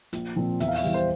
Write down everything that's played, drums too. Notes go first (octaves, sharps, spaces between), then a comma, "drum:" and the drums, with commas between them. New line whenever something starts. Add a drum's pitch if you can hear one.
A#1, drum: hi-hat
A#2 F3 C4
E2 E5, drum: hi-hat
F5
E5, drum: open hi-hat
E3 G3
C5